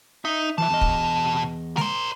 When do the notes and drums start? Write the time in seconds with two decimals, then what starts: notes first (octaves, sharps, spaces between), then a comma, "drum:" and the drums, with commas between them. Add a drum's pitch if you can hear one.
0.25 D#4 E5
0.58 B2 E3 F3 E5 A5
0.71 E2 D#5
0.81 drum: kick
1.77 A#4 C5, drum: snare G#3